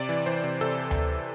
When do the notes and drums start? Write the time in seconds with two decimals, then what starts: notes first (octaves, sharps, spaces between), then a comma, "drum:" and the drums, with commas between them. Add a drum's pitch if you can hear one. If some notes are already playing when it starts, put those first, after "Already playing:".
Already playing: C3 D5
0.09 E3
0.26 E3 C5
0.44 C3
0.61 C3 A4
0.91 drum: tom D2